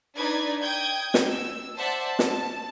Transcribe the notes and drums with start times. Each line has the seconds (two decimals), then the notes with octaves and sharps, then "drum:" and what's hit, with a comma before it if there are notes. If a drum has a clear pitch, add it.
0.17 D4 D#4 B4 D5 G#6
0.61 G5 D#6 G6 G#6
1.14 drum: snare
1.27 E6
1.77 C5 D5 E5 F#5 A5
2.06 A5
2.19 drum: snare